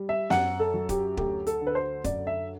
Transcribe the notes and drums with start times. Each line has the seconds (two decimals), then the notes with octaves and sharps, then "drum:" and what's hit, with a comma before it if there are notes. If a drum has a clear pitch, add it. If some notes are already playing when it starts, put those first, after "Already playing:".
Already playing: G3
0.09 E5
0.30 F#2 F#5, drum: snare
0.59 A4
0.74 F#3
0.89 G4, drum: kick, hi-hat
1.17 D2 G4, drum: kick
1.47 A4, drum: hi-hat
1.61 D3
1.67 B4
1.75 C5
2.04 F#2 D5, drum: kick, hi-hat
2.27 E5